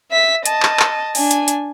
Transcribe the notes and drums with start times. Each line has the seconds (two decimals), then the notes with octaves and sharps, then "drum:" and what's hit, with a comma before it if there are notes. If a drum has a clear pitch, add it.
0.12 E5 B6
0.46 D#5 A5, drum: hi-hat
0.63 drum: clap
0.80 drum: clap
1.15 D4 G#5, drum: open hi-hat
1.31 drum: hi-hat
1.48 drum: hi-hat